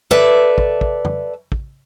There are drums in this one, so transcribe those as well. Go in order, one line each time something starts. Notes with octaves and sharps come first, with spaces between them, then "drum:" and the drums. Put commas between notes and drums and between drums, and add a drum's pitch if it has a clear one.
A4 B4 D5 E5 A5, drum: tom F2
drum: kick
drum: kick
drum: tom F2
drum: kick